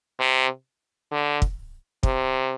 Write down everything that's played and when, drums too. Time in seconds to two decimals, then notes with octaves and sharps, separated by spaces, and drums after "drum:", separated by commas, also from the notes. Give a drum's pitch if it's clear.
0.19 C3
1.11 D3
1.42 drum: kick
2.03 C3, drum: kick